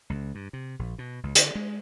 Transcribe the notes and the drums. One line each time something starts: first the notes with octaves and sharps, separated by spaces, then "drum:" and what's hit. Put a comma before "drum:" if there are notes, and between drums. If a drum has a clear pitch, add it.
C#2
G2
C3
A#1
B2
C#2
D3, drum: hi-hat
G#3